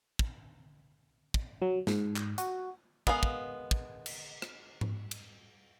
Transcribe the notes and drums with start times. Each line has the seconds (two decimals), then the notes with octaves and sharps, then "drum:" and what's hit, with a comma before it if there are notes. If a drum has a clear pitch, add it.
0.19 drum: kick
1.34 drum: kick
1.62 F#3
1.87 G#2, drum: snare
2.16 drum: clap
2.38 F#4, drum: hi-hat
3.07 G#3 B3 A#4 F5, drum: kick
3.23 drum: kick
3.71 drum: kick
4.06 drum: cymbal
4.42 drum: rim click
4.81 drum: tom G#2
5.11 drum: cymbal